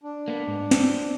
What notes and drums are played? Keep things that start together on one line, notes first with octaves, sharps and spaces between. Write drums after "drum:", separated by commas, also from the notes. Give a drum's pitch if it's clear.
D4
A#3 B3
G#2
C4, drum: snare